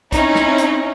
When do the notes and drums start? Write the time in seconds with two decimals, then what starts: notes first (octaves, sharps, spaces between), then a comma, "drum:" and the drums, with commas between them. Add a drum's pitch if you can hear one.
0.12 C4 C#4 D#4 E4, drum: kick B1, hi-hat
0.35 drum: snare
0.58 drum: hi-hat